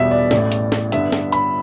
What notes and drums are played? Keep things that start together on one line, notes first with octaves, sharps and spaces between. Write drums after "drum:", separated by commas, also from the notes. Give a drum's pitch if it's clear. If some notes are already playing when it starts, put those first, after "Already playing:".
Already playing: E1 E2 B2 G3 B3 E5
D5
A1 A2 A3 E4 D5, drum: snare
drum: hi-hat
drum: snare
G2 D3 B3 D4 E5, drum: hi-hat
drum: snare
B5, drum: hi-hat